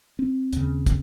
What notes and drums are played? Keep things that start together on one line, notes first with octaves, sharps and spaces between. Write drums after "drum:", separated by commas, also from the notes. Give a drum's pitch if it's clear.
C4
D#2 C#3, drum: hi-hat
drum: kick, hi-hat